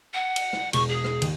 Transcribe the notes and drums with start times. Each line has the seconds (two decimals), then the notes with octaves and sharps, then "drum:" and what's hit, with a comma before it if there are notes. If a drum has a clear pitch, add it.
0.14 F#5
0.36 drum: cymbal
0.53 drum: rim click
0.73 E1 C#6, drum: cymbal
0.89 G#4
1.04 drum: rim click
1.22 D#2, drum: cymbal